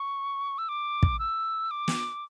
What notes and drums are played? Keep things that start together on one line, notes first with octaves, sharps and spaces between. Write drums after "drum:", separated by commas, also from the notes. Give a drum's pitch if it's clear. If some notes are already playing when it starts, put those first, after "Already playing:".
Already playing: C#6
E6
D6
drum: kick
E6
D6
drum: snare